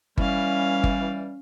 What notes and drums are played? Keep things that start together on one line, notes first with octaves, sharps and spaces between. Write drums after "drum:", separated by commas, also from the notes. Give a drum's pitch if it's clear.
E3 G3 C#4 F5, drum: kick G1
drum: kick G1